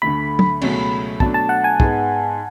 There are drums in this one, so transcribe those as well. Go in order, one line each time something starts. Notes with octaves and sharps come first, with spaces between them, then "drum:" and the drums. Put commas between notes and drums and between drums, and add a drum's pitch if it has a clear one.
D2 D3 A3 B5
drum: tom
C#2 B2 F#3 A3 C#4, drum: cymbal
B2 F#3 A3 D4 A5, drum: kick
A5
F#5
G#5
G#2 G#3 B3, drum: kick